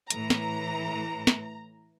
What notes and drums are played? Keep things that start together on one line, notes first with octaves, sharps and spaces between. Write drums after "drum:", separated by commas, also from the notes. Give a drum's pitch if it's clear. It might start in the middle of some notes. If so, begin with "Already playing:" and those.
A2 E3 A#5, drum: hi-hat
drum: snare
drum: snare